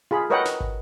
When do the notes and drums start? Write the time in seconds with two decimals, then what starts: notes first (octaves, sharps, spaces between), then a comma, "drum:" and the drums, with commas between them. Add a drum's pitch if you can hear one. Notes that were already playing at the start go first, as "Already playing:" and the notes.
0.11 F4 G#4 B5
0.30 A#4 B4 C#5 D#5 F#5 G5
0.45 drum: snare
0.61 drum: kick